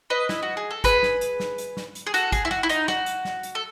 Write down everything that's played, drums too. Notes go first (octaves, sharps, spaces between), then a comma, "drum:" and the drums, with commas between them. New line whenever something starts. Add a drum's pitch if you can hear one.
B4 D#5
E4, drum: snare
F#4
G#4
A4
G#4 B4, drum: kick, hi-hat
drum: snare
drum: hi-hat
drum: snare
drum: hi-hat
drum: snare
drum: hi-hat
G#4
F#4 A4, drum: hi-hat
G#4, drum: kick, hi-hat
E4
F#4, drum: snare
E4
D#4, drum: hi-hat
F#4, drum: snare
drum: hi-hat
drum: snare
drum: hi-hat
A4